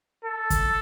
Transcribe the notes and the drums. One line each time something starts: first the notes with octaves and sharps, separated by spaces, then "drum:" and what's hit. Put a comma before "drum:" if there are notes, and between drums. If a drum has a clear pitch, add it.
A4
drum: kick, hi-hat